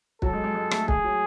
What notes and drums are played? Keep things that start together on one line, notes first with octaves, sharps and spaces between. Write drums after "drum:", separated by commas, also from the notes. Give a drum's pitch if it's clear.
F#3 A4, drum: kick
G#3
G#3
G#3
A3, drum: rim click
G#4, drum: kick
F#3